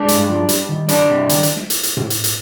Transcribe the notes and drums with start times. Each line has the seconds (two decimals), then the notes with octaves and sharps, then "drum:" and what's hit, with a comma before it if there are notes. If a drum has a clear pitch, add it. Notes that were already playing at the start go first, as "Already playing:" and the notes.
Already playing: G#3 D4 D5
0.08 G2, drum: hi-hat
0.29 F3
0.49 G3, drum: hi-hat
0.69 D#3
0.89 G3 D4 D5, drum: hi-hat
1.09 C3
1.29 D#3, drum: hi-hat
1.43 drum: hi-hat
1.56 drum: snare
1.70 drum: hi-hat
1.83 drum: hi-hat
1.97 drum: tom A2
2.10 drum: hi-hat
2.24 drum: hi-hat